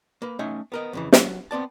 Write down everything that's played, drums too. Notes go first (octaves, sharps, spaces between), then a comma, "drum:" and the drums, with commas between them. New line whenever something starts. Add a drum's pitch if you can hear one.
A#3 B4
A3 C#4 D#4 G#5
B3 A#4 D#5
F2 C#3 E3
F#3, drum: snare
B3 C4 D5 A5